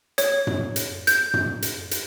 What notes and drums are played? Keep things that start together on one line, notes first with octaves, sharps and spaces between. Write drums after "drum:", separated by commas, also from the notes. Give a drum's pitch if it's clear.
C#5, drum: hi-hat
drum: tom
drum: hi-hat
G6, drum: hi-hat
drum: tom
drum: hi-hat
drum: hi-hat